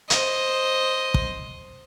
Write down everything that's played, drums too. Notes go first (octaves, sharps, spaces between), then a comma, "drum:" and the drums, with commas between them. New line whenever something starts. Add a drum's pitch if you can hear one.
C5 D#5, drum: hi-hat
drum: kick